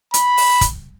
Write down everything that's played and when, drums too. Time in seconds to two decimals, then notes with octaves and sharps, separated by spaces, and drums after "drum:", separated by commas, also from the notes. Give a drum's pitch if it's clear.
0.14 B5, drum: hi-hat
0.37 drum: open hi-hat
0.61 drum: kick, hi-hat